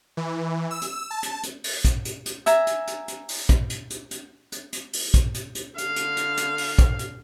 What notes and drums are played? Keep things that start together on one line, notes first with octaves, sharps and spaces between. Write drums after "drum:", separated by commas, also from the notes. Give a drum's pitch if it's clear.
E3
E6
drum: hi-hat
A5
drum: hi-hat
drum: hi-hat
drum: open hi-hat
drum: kick A#1, hi-hat
drum: hi-hat
drum: hi-hat
E5 G#5 A#5, drum: hi-hat
drum: hi-hat
drum: hi-hat
drum: hi-hat
drum: open hi-hat
drum: kick A#1, hi-hat
drum: hi-hat
drum: hi-hat
drum: hi-hat
drum: hi-hat
drum: hi-hat
drum: open hi-hat
drum: kick A#1, hi-hat
drum: hi-hat
drum: hi-hat
D3 F5, drum: hi-hat
drum: hi-hat
drum: hi-hat
drum: hi-hat
drum: open hi-hat
drum: kick A#1, hi-hat
drum: hi-hat